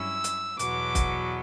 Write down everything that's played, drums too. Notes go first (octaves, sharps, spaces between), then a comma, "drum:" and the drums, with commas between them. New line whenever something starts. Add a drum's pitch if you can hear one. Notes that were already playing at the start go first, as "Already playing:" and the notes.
Already playing: G2 F#3 C#4 E4 E6
drum: hi-hat
E2 B2 F#3 B3 D6, drum: hi-hat
drum: kick, hi-hat